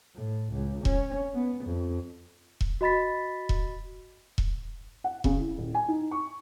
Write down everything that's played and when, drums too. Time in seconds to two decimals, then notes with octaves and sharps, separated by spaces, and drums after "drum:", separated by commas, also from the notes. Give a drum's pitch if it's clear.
0.15 A2
0.52 C#2
0.85 C#4, drum: kick E1
1.34 B3
1.65 F2
2.61 drum: kick E1
2.81 F#4 D#5 B5 A6 B6
3.49 drum: kick E1
4.38 drum: kick E1
5.04 F#5
5.24 C#3, drum: kick E1
5.39 E4
5.58 D#1
5.74 G#5
5.88 D#4
6.11 C#6